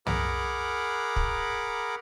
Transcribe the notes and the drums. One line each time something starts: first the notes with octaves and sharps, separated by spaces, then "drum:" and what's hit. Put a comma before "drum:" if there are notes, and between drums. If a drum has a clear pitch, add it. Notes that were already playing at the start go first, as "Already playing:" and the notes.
G#4 A#4 F#5 A#5 B5 D6, drum: tom
drum: kick